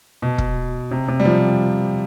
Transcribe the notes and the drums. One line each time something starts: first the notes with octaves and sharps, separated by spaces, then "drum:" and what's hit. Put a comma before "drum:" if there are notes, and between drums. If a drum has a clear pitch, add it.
B2
drum: kick
C3
C3
G3
F3